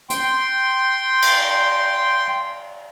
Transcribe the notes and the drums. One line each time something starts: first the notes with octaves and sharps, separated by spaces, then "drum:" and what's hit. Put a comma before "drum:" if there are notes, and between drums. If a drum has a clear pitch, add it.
G5 C6, drum: hi-hat
drum: cymbal